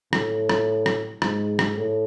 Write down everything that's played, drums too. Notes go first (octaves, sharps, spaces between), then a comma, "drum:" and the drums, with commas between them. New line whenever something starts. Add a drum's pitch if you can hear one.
A2, drum: rim click
drum: rim click
drum: rim click
G#2, drum: rim click
drum: rim click
A2